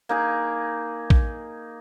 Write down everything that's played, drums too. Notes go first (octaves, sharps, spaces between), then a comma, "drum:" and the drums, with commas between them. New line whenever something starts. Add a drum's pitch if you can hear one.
A#3 D#4 G#4
drum: kick